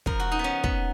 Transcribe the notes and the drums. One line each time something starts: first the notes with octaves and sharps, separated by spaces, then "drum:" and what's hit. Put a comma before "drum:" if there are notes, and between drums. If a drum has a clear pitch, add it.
C#3 F3 A#4, drum: kick
F#4
D#4
B3
C#4
B3, drum: kick